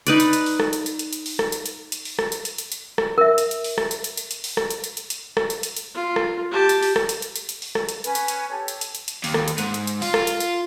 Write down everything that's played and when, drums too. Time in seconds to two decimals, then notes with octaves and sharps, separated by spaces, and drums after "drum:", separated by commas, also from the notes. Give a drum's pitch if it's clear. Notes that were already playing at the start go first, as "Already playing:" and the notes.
0.07 D#4 B4 D5, drum: hi-hat
0.20 drum: hi-hat
0.33 drum: hi-hat
0.46 drum: open hi-hat
0.60 drum: rim click
0.73 drum: hi-hat
0.86 drum: hi-hat
0.99 drum: hi-hat
1.13 drum: hi-hat
1.26 drum: open hi-hat
1.39 drum: rim click
1.52 drum: hi-hat
1.66 drum: hi-hat
1.92 drum: hi-hat
2.05 drum: open hi-hat
2.19 drum: rim click
2.32 drum: hi-hat
2.45 drum: hi-hat
2.58 drum: hi-hat
2.72 drum: hi-hat
2.98 drum: rim click
3.18 A#4 E5
3.38 drum: hi-hat
3.51 drum: hi-hat
3.64 drum: open hi-hat
3.78 drum: rim click
3.91 drum: hi-hat
4.04 drum: hi-hat
4.17 drum: hi-hat
4.31 drum: hi-hat
4.44 drum: open hi-hat
4.57 drum: rim click
4.70 drum: hi-hat
4.84 drum: hi-hat
4.97 drum: hi-hat
5.10 drum: hi-hat
5.37 drum: rim click
5.50 drum: hi-hat
5.63 drum: hi-hat
5.77 drum: hi-hat
5.95 F4
6.16 drum: rim click
6.51 G4 A5
6.69 drum: hi-hat
6.83 drum: open hi-hat
6.96 drum: rim click
7.09 drum: hi-hat
7.22 drum: hi-hat
7.36 drum: hi-hat
7.49 drum: hi-hat
7.62 drum: open hi-hat
7.75 drum: rim click
7.89 drum: hi-hat
8.04 C#4 B4 G#5, drum: hi-hat
8.15 drum: hi-hat
8.28 drum: hi-hat
8.50 G4 A4 C#5
8.68 drum: hi-hat
8.81 drum: hi-hat
8.95 drum: hi-hat
9.08 drum: hi-hat
9.24 D#2, drum: open hi-hat
9.34 drum: rim click
9.48 drum: hi-hat
9.58 G#2, drum: hi-hat
9.74 drum: hi-hat
9.87 drum: hi-hat
10.02 F4, drum: open hi-hat
10.14 drum: rim click
10.27 drum: hi-hat
10.40 drum: hi-hat